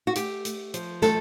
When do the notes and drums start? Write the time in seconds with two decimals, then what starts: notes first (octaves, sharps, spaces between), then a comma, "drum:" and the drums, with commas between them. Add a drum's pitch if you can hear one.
0.07 F#4
0.15 A3 G4, drum: hi-hat
0.45 A3, drum: hi-hat
0.74 F3, drum: hi-hat
1.02 A3 A4, drum: snare